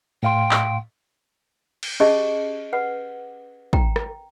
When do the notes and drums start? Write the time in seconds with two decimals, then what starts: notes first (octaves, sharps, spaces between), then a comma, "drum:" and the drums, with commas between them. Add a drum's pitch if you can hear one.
0.23 A2 F5 G5 C6
0.51 drum: clap
1.83 drum: cymbal
2.00 C#4 G4 G#4 D#5 A5 C#6
2.73 B4 F#5
3.73 G5 A#5, drum: kick
3.96 drum: rim click